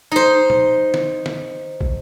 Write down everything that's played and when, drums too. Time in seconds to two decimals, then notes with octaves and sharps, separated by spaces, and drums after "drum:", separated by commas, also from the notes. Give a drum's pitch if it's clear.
0.11 D#4 C5
0.50 drum: tom
0.94 drum: snare
1.26 drum: snare
1.81 drum: kick